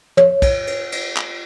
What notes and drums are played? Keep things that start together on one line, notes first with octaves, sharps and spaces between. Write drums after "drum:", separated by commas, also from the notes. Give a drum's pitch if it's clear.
C#5, drum: tom
drum: kick, cymbal
drum: cymbal
drum: cymbal
drum: clap